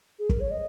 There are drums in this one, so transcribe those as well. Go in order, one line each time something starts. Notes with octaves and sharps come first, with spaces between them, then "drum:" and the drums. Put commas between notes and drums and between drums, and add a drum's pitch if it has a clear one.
G#4
A#4, drum: kick
C#5
D#5